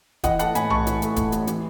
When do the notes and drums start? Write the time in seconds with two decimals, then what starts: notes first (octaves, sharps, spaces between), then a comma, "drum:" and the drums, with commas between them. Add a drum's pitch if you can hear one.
0.24 E3 D#5 F#5, drum: kick D1, hi-hat
0.39 A3 F#5 A5, drum: hi-hat
0.55 A2 G#5 B5, drum: hi-hat
0.70 A1 A5 C#6, drum: tom B1
0.87 E3, drum: hi-hat
1.02 A3, drum: hi-hat
1.16 A2, drum: kick D1, hi-hat
1.32 A1, drum: hi-hat
1.47 E3, drum: hi-hat